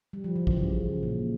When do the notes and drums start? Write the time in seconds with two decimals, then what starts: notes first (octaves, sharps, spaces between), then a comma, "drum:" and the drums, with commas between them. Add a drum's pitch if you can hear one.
0.13 G3
0.24 F3
0.36 E3
0.47 C#3, drum: kick
0.58 C#3
1.03 A#2